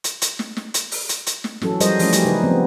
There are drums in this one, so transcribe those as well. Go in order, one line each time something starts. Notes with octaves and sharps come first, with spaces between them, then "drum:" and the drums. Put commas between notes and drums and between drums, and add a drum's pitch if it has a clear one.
drum: hi-hat
drum: hi-hat
drum: snare
drum: snare
drum: hi-hat
drum: open hi-hat
drum: hi-hat
drum: hi-hat
drum: snare
E3 F#3 C#4 A4, drum: snare
F3 G3 G#4 A#4 C5 D#5, drum: hi-hat
E3 F3 A3 C#4, drum: open hi-hat
F#3 G4, drum: hi-hat
C#3 D#4 B4
F3 B3 C4